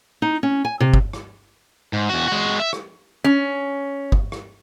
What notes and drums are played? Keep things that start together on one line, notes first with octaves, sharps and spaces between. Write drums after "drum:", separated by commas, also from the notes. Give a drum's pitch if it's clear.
D#4
C#4
G#5
C3
drum: kick G1
drum: rim click
G#2
E2 F#4
G#3 F#4
E5
drum: rim click
C#4
drum: kick G1
drum: rim click